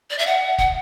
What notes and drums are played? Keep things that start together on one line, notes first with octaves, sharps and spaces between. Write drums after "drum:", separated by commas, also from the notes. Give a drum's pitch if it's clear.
D5
E5
F#5
F#5, drum: kick